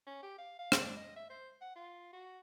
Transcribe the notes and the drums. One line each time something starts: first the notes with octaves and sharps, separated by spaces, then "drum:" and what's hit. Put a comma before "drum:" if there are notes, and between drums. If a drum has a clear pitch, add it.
C#4
G4
F5
F5
drum: rim click
D4
D#5
E5
C5
F#5
F4
F#4